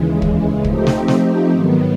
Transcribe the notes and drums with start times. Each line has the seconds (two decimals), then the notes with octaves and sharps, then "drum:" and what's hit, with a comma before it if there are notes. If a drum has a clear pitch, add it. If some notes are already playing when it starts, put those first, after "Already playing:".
Already playing: D#2 C#3 E3 G#3
0.22 drum: kick
0.64 F3 A3 C4 D#4 G4, drum: kick
0.87 drum: snare
1.08 drum: snare
1.51 G#2 D#3 F#3 B3